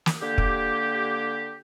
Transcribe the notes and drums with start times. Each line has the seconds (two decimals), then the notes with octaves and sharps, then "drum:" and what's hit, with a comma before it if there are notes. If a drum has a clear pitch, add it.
0.06 drum: snare
0.22 D3 A#3 G4
0.38 drum: kick